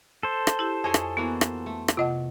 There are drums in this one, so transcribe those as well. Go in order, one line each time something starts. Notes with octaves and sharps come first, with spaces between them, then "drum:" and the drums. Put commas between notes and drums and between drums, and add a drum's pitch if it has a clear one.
A4 C5
drum: rim click
E4 G4
F2 G#4 C#5 D#5 G#5
drum: rim click
E3 A#3 B3 F#4
drum: rim click
A3
drum: rim click
C3 F4 D#5 F#5